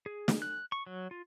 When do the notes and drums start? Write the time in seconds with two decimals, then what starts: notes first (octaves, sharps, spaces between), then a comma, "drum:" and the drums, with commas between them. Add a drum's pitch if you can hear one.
0.06 G#4
0.28 drum: snare
0.42 F#6
0.72 C#6
0.86 F#3
1.11 F4